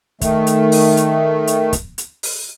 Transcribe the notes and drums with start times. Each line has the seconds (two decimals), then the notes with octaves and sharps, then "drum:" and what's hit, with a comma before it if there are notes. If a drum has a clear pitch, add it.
0.21 D#3 A3, drum: kick, hi-hat
0.47 drum: hi-hat
0.72 drum: open hi-hat
0.97 drum: hi-hat
1.47 drum: hi-hat
1.73 drum: kick, hi-hat
1.98 drum: hi-hat
2.23 drum: open hi-hat